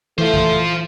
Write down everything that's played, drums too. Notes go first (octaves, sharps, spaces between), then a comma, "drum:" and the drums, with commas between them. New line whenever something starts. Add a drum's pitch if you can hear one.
E3 A3 F4 C5
drum: kick